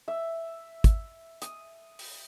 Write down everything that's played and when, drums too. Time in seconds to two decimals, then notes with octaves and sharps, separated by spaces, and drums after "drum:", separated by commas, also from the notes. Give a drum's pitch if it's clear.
0.08 E5
0.84 drum: kick, hi-hat
1.42 D#6, drum: hi-hat
1.99 drum: open hi-hat